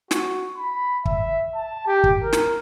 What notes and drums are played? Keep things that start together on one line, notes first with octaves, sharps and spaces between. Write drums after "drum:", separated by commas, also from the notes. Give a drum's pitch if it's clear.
F#4, drum: snare
B5
E5, drum: kick
A5
G4
drum: kick
A#4
drum: snare